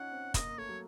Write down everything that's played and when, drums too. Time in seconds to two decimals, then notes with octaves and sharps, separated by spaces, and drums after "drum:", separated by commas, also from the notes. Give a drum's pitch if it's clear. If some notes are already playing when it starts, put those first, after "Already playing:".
Already playing: C#4 D#4 F4 F#5
0.12 C4
0.34 A#3 D#5, drum: kick, hi-hat
0.47 A#3
0.58 A3 C#5
0.69 F#3